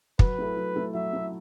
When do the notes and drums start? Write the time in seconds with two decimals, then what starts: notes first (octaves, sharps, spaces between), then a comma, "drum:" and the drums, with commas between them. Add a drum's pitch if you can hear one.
0.19 F#3 B4, drum: kick
0.38 A3 E4 A4
0.56 F#3
0.76 A3 E4 A4
0.94 F#3 E5
1.13 A3 E4 A4